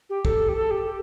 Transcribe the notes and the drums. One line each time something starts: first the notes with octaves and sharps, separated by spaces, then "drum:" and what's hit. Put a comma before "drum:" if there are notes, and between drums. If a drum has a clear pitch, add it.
G4
A4, drum: kick
G4
A4
G4